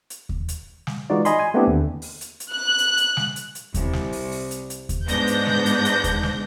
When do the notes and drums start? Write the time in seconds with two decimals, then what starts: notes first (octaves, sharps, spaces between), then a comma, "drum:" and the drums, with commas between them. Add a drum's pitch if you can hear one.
0.10 drum: hi-hat
0.29 drum: kick D#2
0.48 drum: hi-hat
0.87 drum: snare
1.10 E3 G#3 D#4 F4 F#4 D5
1.25 D#5 G#5 B5 C6, drum: hi-hat
1.39 G#5
1.54 A3 B3 C4 D4 E4 G4
1.67 D#2 D3
2.02 drum: open hi-hat
2.21 drum: hi-hat
2.40 drum: hi-hat
2.51 F#6
2.78 drum: hi-hat
2.98 drum: hi-hat
3.17 drum: snare
3.36 drum: hi-hat
3.55 drum: hi-hat
3.74 C2, drum: kick D#2, hi-hat
3.93 drum: snare
4.12 drum: open hi-hat
4.32 drum: open hi-hat
4.51 drum: hi-hat
4.70 drum: hi-hat
4.89 drum: kick D#2, hi-hat
5.08 G#2 B3 D4 G6 A#6, drum: hi-hat
5.27 drum: hi-hat
5.47 drum: snare
5.66 drum: hi-hat
5.85 drum: hi-hat
6.04 drum: kick D#2, hi-hat
6.23 drum: snare